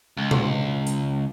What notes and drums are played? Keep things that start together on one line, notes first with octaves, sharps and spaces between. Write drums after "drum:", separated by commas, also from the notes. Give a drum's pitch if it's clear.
C#2
drum: tom B2
drum: hi-hat